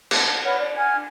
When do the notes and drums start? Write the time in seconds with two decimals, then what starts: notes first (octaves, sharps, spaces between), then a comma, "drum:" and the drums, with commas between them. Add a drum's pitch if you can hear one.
0.11 F#5 A5, drum: cymbal
0.43 B4 C#5 F#5 F6
0.58 D5
0.76 F#5 G#5 F6 G#6
0.95 D4